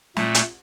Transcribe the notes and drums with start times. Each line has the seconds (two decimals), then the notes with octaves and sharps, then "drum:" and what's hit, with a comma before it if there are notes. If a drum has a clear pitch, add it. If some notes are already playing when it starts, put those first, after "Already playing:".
0.17 A#2 A3, drum: snare
0.35 drum: hi-hat